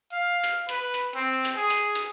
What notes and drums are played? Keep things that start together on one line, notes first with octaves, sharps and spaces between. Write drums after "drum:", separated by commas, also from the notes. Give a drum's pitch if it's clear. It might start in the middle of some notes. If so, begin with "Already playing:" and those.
F5
drum: hi-hat
B4, drum: hi-hat
drum: hi-hat
C4
drum: hi-hat
G#4
drum: hi-hat
drum: hi-hat